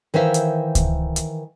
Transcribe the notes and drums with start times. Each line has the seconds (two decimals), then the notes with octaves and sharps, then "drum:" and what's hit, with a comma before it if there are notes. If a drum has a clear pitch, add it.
0.14 D#3 E3 C5 E5 F5
0.34 drum: hi-hat
0.75 drum: kick C#2, hi-hat
1.16 drum: hi-hat